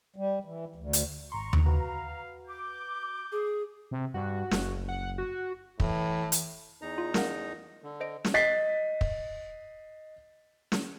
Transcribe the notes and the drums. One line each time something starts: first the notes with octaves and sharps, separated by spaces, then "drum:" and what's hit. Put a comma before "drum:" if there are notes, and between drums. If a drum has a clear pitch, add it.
G3
E3
D2
drum: hi-hat
G#1 A#5 C6 C#6
drum: tom D#2
F#4 B4 F5
D6 G6
G#4
C3
G2 F#4
F#1, drum: snare
F#5
F#4
A2 E3, drum: kick
drum: hi-hat
E2 D#4 A#5
F4
A#4 F5 F#5, drum: snare
D3
C5 D#5 D7
drum: snare
D#5 A6 B6 C7
drum: kick
drum: snare